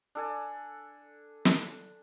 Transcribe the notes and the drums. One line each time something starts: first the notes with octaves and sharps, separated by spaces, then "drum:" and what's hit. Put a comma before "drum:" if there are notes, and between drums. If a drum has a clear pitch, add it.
D4 A4 G#5
drum: snare